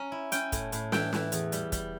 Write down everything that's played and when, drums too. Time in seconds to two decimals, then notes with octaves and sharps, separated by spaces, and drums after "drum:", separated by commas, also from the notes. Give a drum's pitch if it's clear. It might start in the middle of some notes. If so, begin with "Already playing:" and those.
Already playing: C#4 A#5
0.12 E4
0.32 C#4 G5, drum: hi-hat
0.52 A2, drum: kick, hi-hat
0.72 A2, drum: hi-hat
0.92 E3 G5, drum: snare
1.13 E3, drum: snare
1.32 E2, drum: hi-hat
1.52 G3, drum: hi-hat
1.72 G3, drum: kick, hi-hat